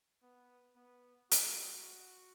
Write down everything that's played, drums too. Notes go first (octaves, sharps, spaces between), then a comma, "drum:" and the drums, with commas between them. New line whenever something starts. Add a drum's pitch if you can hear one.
B3
B3
F#4, drum: hi-hat